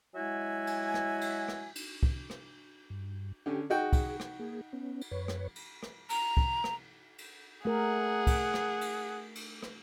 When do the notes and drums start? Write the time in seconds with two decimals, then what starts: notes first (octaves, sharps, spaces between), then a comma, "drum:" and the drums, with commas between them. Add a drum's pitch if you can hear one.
0.14 F#3 G#3 E4 F#4 E5 G#5
0.67 drum: cymbal
0.94 drum: rim click
1.21 drum: cymbal
1.48 drum: rim click
1.76 drum: cymbal
2.03 drum: kick
2.30 drum: rim click
2.90 G2
3.46 D3 C#4 G4 G5
3.70 D#4 F#4 G#4 G5
3.93 drum: kick, cymbal
4.20 drum: rim click
4.39 A#3 G#4
4.73 B3 C#4
5.01 drum: cymbal
5.11 F#2 B4 C#5
5.28 drum: rim click
5.55 drum: cymbal
5.83 drum: rim click
6.10 A#5, drum: cymbal
6.37 drum: kick
6.64 drum: rim click
7.18 drum: cymbal
7.65 A3 G#4 A#4 F#5
8.27 drum: kick, cymbal
8.54 drum: rim click
8.81 drum: cymbal
9.35 drum: cymbal
9.63 drum: rim click